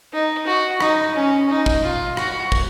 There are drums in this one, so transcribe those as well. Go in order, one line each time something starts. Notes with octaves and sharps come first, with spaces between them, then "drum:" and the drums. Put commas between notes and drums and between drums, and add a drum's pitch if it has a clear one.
D#4
F#4
D#4, drum: rim click
C#4
D#4
drum: kick
F4
F#4, drum: rim click
drum: kick